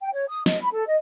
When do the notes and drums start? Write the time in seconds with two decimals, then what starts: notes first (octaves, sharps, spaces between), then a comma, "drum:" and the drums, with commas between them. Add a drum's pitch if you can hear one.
0.01 G5
0.13 C#5
0.28 D#6
0.46 D#5, drum: snare
0.61 B5
0.73 A4
0.87 D#5